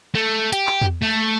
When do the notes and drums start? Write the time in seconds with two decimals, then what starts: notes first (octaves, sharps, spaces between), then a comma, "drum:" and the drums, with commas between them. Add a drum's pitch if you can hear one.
0.15 A3
0.53 G4, drum: hi-hat
0.67 drum: clap
0.81 drum: tom E2
1.02 A3